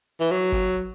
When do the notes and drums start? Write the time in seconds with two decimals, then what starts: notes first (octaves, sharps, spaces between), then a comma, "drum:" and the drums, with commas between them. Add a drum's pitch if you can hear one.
0.20 E3
0.31 F#3
0.52 drum: kick